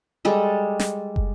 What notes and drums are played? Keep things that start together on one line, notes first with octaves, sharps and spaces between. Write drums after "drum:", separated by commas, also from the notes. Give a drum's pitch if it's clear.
G3 G#3 A4
drum: snare
drum: kick